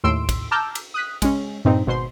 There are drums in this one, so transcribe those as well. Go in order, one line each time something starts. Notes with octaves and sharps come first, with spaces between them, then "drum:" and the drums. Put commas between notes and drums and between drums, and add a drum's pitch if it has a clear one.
D#2 A2 C6 E6 D7
drum: kick, cymbal
A5 A#5 D6 E6 F6 G6
drum: cymbal
D#6 F#6 B6
G#3 C#4, drum: kick, cymbal
G2 A#2 C4 D#4
G#1 B2 C5 C6